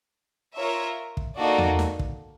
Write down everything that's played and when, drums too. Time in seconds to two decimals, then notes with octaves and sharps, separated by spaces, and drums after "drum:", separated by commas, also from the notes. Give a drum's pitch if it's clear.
0.55 F4 A#4 C#5 E5
1.17 drum: kick
1.37 A#3 D#4 F#4 A4 D5
1.58 drum: tom E2
1.79 drum: snare
1.99 drum: kick